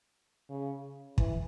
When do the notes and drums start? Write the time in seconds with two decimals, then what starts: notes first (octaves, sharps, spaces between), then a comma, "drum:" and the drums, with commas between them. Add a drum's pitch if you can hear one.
0.50 C#3
1.18 E3, drum: kick